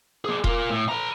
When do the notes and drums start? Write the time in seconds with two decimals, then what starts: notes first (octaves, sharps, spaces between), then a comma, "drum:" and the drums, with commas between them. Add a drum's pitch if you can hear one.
0.25 A#3 G#4
0.44 F4 A#4, drum: kick E1
0.70 A2
0.89 B4 A#5